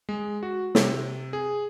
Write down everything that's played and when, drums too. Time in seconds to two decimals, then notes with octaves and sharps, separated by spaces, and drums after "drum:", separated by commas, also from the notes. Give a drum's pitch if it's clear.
0.09 G#3
0.43 F#4
0.75 C3, drum: snare
1.33 G#4